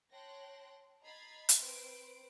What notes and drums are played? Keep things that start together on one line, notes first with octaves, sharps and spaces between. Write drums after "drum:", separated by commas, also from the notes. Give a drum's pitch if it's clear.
C#5 G5 A5 C6 F#6 A#6
D#5 A#5 B5 G#6 A6 C7
drum: hi-hat
C4 B4 C5 D7